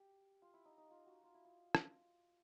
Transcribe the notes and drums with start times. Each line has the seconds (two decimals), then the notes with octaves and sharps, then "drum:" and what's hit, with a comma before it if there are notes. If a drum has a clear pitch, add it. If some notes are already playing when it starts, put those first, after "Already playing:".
Already playing: G4
0.42 F4
0.54 E4
0.65 D#4
0.77 D#4
0.91 F4
1.06 F#4
1.23 F4
1.34 E4
1.45 F4
1.75 drum: rim click